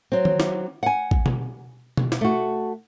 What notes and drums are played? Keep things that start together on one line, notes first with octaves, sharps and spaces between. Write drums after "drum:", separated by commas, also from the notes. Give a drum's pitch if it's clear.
F#3 C4
drum: tom D#3
drum: snare
F#5 G#5
drum: kick A1
drum: tom B2
drum: tom B2
drum: snare
A3 F#4